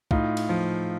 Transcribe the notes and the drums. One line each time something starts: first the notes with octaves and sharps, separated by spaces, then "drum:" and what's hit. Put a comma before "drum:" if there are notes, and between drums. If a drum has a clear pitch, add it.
A2 D#4 F4, drum: kick
drum: cymbal
F3